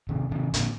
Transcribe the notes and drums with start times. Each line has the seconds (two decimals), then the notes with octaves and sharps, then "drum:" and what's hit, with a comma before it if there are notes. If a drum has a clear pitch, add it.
0.09 C3 D#3
0.31 C3 D#3
0.54 A#2 D3, drum: hi-hat